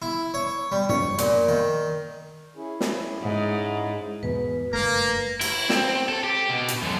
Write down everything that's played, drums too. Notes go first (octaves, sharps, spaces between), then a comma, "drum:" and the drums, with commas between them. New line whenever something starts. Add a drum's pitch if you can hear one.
E4
C#5
G3
C#5, drum: tom F#2
A#2, drum: hi-hat
D#3
C#4 E4 G#4
drum: snare
G#2
E2 G#2 B2 B4
F#1 G2 A3 A#3 A#4
E4, drum: cymbal
C4, drum: snare
A4
G4
B2
drum: hi-hat
F#2 D3